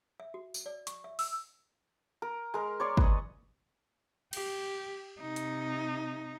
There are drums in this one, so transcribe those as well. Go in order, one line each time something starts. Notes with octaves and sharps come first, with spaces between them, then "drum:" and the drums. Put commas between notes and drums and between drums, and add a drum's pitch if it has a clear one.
E5
F#4
drum: tambourine
D5
C#6, drum: hi-hat
E5
E6, drum: open hi-hat
A#4
G#3 A#4
C#5 D5 C6
B4 D#5, drum: kick
G4, drum: cymbal
C3 D#4
drum: hi-hat